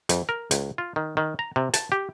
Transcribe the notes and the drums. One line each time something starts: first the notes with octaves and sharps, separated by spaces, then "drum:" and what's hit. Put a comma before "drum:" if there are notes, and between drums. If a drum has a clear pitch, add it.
F2, drum: hi-hat
A#4
C#2, drum: hi-hat
F4
D#3
D#3
A#5
C3
A5, drum: hi-hat
G4